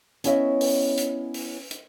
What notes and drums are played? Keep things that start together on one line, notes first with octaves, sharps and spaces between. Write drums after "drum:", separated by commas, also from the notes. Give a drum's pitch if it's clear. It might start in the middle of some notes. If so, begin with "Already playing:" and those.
B3 C#4 E4 C#5 D#5 E5, drum: hi-hat
drum: open hi-hat
drum: hi-hat
drum: open hi-hat
drum: hi-hat